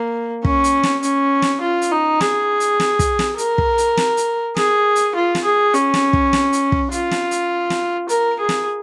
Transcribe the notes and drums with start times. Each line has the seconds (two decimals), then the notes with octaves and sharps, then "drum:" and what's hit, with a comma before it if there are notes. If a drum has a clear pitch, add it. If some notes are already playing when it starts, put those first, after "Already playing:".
Already playing: A#3
0.45 C#4, drum: kick
0.64 drum: hi-hat
0.83 drum: snare
1.03 C#4, drum: hi-hat
1.42 drum: snare
1.61 F4
1.82 drum: hi-hat
1.91 D#4
2.21 G#4, drum: snare
2.60 drum: hi-hat
2.80 drum: snare
2.99 drum: kick, hi-hat
3.19 drum: snare
3.38 A#4, drum: hi-hat
3.58 drum: kick
3.78 drum: hi-hat
3.97 drum: snare
4.17 drum: hi-hat
4.57 G#4, drum: snare
4.96 drum: hi-hat
5.16 F4
5.35 drum: snare
5.44 G#4
5.74 C#4, drum: hi-hat
5.94 drum: snare
6.13 drum: kick
6.33 drum: snare
6.53 drum: hi-hat
6.72 drum: kick
6.92 F4, drum: hi-hat
7.11 drum: snare
7.31 drum: hi-hat
7.70 drum: snare
8.09 A#4, drum: hi-hat
8.39 G#4
8.49 drum: snare